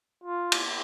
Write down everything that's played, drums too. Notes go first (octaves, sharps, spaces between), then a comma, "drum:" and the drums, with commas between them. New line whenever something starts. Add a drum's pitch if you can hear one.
F4
drum: cymbal